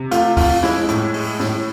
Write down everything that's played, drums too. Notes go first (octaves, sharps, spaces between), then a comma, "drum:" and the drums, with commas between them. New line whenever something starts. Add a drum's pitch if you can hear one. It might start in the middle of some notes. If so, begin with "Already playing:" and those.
Already playing: C3
A3 F4, drum: hi-hat
F2 F4, drum: kick, open hi-hat
G#3 E4, drum: snare
A2, drum: hi-hat
G#3, drum: open hi-hat
A2, drum: snare